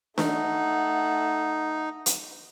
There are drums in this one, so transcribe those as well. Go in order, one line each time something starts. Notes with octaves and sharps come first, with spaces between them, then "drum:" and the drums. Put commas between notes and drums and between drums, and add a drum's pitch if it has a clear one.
A3 D#4 F#5, drum: snare D4
drum: hi-hat